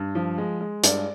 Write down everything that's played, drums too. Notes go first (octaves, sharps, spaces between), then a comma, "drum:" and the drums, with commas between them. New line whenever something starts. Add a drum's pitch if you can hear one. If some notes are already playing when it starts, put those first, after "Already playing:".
Already playing: G2
F3
G#3
G#3
G2 D5, drum: hi-hat